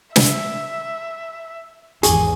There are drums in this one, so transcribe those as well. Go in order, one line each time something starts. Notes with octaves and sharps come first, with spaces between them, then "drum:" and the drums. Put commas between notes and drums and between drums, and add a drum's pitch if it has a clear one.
E5, drum: snare
G#1 E2 G#4 G#5 C#6 D6, drum: hi-hat